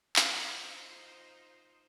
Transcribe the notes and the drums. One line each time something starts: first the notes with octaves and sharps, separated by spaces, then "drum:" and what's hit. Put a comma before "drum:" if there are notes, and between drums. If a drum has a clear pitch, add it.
D#4 F4 C5, drum: clap